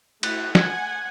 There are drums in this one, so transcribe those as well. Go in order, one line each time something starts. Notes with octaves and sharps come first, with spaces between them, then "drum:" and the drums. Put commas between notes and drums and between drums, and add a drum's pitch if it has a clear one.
A3 E4 F#4 F#6, drum: cymbal
F#5 G#5 G#6, drum: snare